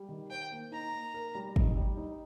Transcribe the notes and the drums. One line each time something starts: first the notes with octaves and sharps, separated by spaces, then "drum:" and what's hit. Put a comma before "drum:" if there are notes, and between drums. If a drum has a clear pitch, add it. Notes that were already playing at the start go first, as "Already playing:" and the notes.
Already playing: G3
D#3
C5 G5
A#3
D#4 A#5
A#3
A#4
G3
D#4, drum: kick
G3
D#4